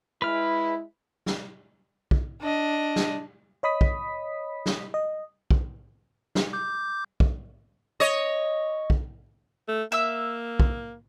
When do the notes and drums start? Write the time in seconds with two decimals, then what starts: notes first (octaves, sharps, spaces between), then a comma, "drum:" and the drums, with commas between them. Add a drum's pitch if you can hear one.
0.22 G#3 E4 B4 F6
1.26 drum: snare
2.11 drum: kick
2.42 D4 D#5
2.96 drum: snare
3.63 C#5 D#5 B5 D#6 B6
3.81 drum: kick
4.66 drum: snare
4.94 D#5
5.51 drum: kick
6.35 drum: snare
6.53 D6 G6
7.20 drum: kick
8.00 C#5 D#5
8.90 drum: kick
9.68 A3
9.92 A#3 E5 E6
10.60 drum: kick